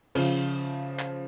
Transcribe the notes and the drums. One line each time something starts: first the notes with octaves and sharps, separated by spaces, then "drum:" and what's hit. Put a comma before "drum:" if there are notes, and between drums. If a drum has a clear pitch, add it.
C#3 F3, drum: cymbal
drum: clap